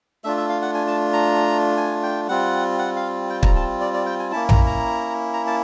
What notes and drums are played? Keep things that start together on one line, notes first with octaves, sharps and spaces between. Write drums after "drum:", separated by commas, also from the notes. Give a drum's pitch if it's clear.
A3 D4 F4 E5
E5
F5
F#5
G#5
A5
A#5
G#5
G5
G3 C4 F4 F#5
F#5
F5
G5
A#5, drum: kick
A5
D5
D5
G5
G#5
A#3 C#4 E4 A5
A#5, drum: tom A#1
A#5
A#5
A5